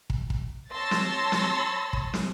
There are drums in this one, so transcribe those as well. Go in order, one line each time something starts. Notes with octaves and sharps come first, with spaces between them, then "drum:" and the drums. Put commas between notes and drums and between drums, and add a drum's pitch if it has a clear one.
drum: kick
drum: kick
C#5 A5 C6 E6 A6 A#6
drum: snare
drum: snare
drum: kick
drum: snare